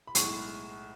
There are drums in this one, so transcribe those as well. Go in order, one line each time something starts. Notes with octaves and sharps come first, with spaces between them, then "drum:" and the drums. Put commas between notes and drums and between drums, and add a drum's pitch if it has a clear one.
B5
B1 A2 G#3 C#6, drum: hi-hat